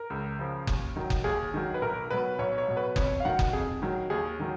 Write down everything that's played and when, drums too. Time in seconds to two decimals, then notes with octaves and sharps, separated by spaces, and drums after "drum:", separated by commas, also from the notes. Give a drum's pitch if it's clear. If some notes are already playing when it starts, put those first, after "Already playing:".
Already playing: A#4
0.10 C#2
0.39 C#3 F3
0.67 D#2, drum: kick F#1
0.96 D#3 F#3
1.10 drum: kick F#1
1.24 D#2 G#4
1.54 D#3 F#3
1.74 B4
1.81 B1 A#4
2.10 B2 F#3 B4
2.38 B1 C#5
2.58 C#5
2.68 B2 F#3
2.77 B4
2.96 F2 C#5, drum: kick F#1
3.20 F5
3.25 D#3 F#3 F#5
3.39 drum: kick F#1
3.53 F2 G#4
3.82 D#3 F#3
4.10 D#2 G#4
4.40 D#3 F#3